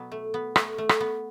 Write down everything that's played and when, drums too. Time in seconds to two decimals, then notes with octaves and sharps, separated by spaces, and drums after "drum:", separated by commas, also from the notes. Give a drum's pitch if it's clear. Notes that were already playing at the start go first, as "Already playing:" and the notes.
Already playing: B2 F#3 B3
0.12 A3
0.34 B3
0.56 A3, drum: rim click
0.78 A3
0.89 drum: rim click
1.01 B3